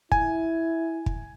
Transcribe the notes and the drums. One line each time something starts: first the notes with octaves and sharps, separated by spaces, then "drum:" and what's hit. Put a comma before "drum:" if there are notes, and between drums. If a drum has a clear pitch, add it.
E4 G#5, drum: kick
drum: kick